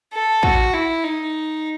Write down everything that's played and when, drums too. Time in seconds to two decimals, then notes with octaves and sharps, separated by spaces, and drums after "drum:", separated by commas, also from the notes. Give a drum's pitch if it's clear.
0.13 A4
0.43 F#4, drum: kick
0.74 E4
1.04 D#4